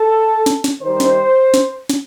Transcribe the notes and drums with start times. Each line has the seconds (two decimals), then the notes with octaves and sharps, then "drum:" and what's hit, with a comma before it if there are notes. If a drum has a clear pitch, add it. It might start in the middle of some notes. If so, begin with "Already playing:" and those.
Already playing: A4
0.46 drum: snare
0.64 drum: snare
0.82 D#3 G3 D#4 C5
1.00 drum: snare
1.54 drum: snare
1.90 drum: snare